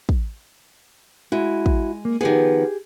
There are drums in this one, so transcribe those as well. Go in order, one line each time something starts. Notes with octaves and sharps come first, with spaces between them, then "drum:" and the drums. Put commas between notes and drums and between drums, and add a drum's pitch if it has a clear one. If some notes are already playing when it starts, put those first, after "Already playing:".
drum: kick
G#3 E4 F#4
drum: kick
A#3
D#3 F3 B3 G4 G#4